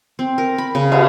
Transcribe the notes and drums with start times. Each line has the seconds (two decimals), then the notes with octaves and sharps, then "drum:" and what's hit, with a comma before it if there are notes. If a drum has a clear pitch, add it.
0.19 C4
0.38 A#4
0.58 B5
0.75 C#3
0.92 G#4, drum: cymbal